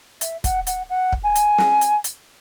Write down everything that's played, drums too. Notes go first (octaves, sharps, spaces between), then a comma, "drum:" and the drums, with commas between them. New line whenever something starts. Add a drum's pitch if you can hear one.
E5, drum: hi-hat
F#5, drum: kick, hi-hat
F#5, drum: hi-hat
F#5
drum: kick
G#5
drum: hi-hat
drum: snare
drum: hi-hat
drum: hi-hat